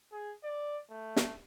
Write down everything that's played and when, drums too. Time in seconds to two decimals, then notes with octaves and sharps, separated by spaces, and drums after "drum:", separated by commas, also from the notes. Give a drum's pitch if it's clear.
0.12 G#4
0.44 D5
0.90 A3
1.16 drum: snare